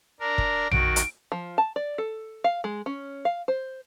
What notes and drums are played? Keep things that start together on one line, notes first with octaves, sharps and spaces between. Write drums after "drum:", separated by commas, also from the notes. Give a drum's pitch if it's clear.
D4 A#4 A#5
drum: kick
D#3 F#4 D7, drum: tom A#1
drum: hi-hat
F3
A5
D5
A4
F5
G#3
C#4
F5
C5